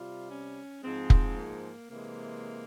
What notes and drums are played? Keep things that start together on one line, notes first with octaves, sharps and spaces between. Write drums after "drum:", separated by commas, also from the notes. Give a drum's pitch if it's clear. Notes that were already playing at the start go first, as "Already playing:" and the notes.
Already playing: C3 G3 F4
C#4
G#2 F3 G#3 C4
drum: kick
A#3
C3 E3 G#3 A#3